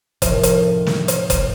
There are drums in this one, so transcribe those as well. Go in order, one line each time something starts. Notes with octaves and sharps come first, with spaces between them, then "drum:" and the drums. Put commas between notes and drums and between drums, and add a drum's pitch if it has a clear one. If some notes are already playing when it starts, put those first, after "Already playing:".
D#2 A2 C3 F3, drum: kick F#1, hi-hat
drum: hi-hat
drum: snare
drum: hi-hat
drum: kick F#1, hi-hat